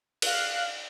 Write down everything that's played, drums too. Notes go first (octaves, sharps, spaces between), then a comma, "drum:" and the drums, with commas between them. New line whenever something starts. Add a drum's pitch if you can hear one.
F5 F#6, drum: cymbal